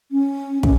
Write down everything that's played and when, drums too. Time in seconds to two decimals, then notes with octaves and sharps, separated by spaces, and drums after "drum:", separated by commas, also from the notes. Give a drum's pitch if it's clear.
0.12 C#4
0.63 C#4, drum: kick